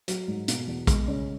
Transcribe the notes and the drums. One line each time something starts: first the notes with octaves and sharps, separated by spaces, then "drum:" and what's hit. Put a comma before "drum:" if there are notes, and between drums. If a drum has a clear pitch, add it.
F#3, drum: hi-hat
G#2
B2, drum: hi-hat
E2
G#3, drum: kick, hi-hat
C#3